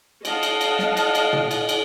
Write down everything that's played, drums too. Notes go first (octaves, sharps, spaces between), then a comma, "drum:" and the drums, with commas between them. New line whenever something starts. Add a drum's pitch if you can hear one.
D#5 F5 F#5 A5, drum: cymbal
drum: cymbal
drum: cymbal
drum: snare
drum: cymbal
drum: cymbal
drum: tom
drum: cymbal
drum: cymbal